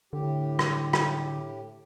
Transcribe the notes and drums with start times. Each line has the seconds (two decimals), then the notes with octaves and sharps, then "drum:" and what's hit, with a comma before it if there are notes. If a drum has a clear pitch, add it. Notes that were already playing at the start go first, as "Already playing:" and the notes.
0.13 A2 D3 G4
0.59 drum: rim click
0.93 drum: rim click